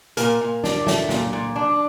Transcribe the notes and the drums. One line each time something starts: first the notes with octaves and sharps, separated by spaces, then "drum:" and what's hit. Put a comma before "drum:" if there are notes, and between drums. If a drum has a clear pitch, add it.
A#2 A#4, drum: hi-hat
A#2
D4, drum: snare
A3, drum: snare
A#2, drum: snare
A#2
D4